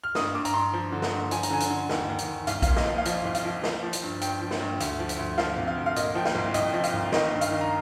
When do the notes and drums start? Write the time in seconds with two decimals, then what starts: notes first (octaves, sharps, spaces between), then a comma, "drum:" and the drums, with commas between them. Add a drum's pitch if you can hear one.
0.04 F6
0.15 G2 D#6, drum: snare A#4
0.35 G2 D6
0.45 A#5, drum: hi-hat
0.54 G2 C6
0.74 F3
0.92 D3
1.02 drum: snare A#4
1.12 G2
1.31 F3 G#5, drum: hi-hat
1.43 A#5, drum: hi-hat
1.50 D3 G#5
1.60 drum: hi-hat
1.70 D3
1.89 D#2, drum: snare A#4
2.09 D#2
2.18 drum: hi-hat
2.28 D#2
2.47 C2 F5, drum: hi-hat
2.62 F5, drum: kick B1, hi-hat
2.67 A#2
2.76 D#5, drum: snare A#4
2.87 F3
2.98 F5
3.05 F3 D#5, drum: hi-hat
3.25 C2
3.35 F5, drum: hi-hat
3.45 F3
3.64 F3, drum: snare A#4
3.83 F3
3.93 drum: hi-hat
4.03 G2
4.21 G2 G5, drum: hi-hat
4.41 F3
4.51 drum: snare A#4
4.61 G2
4.80 D2, drum: hi-hat
4.99 F3
5.09 drum: hi-hat
5.19 D2
5.38 F3 F5, drum: snare A#4
5.58 C3
5.67 F5
5.77 D2
5.86 F5
5.96 A#2 D#5, drum: hi-hat
6.15 F3 G5
6.25 F5, drum: snare A#4
6.35 C2
6.54 C2 D#5, drum: hi-hat
6.74 F3 D#5
6.84 F5, drum: hi-hat
6.94 C2
7.12 D#3 D#5, drum: snare A#4
7.31 G2
7.41 F5, drum: hi-hat
7.51 D#3
7.61 A#5